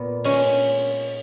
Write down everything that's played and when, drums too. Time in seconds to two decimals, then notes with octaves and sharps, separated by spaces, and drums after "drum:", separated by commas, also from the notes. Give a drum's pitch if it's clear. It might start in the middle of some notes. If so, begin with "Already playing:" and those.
Already playing: A#2 B3
0.24 G#3 C#4, drum: open hi-hat